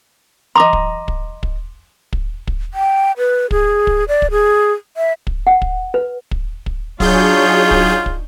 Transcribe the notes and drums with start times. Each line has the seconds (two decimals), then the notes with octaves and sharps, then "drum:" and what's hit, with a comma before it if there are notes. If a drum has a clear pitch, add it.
0.56 D#5 A#5 C6 D6
0.73 drum: kick
1.08 drum: kick
1.43 drum: kick
2.13 drum: kick
2.47 drum: kick
2.74 G5
3.17 B4
3.51 G#4, drum: kick
3.87 drum: kick
4.08 D5
4.22 drum: kick
4.31 G#4
4.97 E5
5.27 drum: kick
5.47 F#5
5.62 drum: kick
5.94 B4
6.31 drum: kick
6.66 drum: kick
7.00 F#3 D4 D#4 F4 G#4 C#5 G6, drum: kick
7.71 drum: kick
8.06 drum: kick